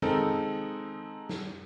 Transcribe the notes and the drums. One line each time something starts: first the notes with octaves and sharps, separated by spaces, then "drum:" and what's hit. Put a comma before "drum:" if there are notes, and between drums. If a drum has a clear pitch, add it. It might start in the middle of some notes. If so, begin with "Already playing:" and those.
G#3 C4 D#4 A4 A#4, drum: tom D#3
drum: snare